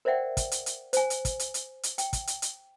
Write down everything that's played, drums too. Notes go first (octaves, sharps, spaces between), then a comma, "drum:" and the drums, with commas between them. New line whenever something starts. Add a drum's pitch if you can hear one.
A#4 C5 D5 E5 F#5 G5
drum: kick, hi-hat
drum: hi-hat
drum: hi-hat
C5 G#5, drum: hi-hat
drum: hi-hat
drum: kick, hi-hat
drum: hi-hat
drum: hi-hat
drum: hi-hat
G5, drum: hi-hat
drum: kick, hi-hat
drum: hi-hat
drum: hi-hat